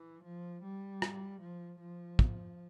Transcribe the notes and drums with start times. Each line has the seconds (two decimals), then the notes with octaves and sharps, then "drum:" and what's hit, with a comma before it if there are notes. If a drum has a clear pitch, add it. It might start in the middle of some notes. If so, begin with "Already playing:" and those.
Already playing: E3
0.24 F3
0.63 G3
1.02 drum: rim click
1.41 F3
1.80 F3
2.19 drum: kick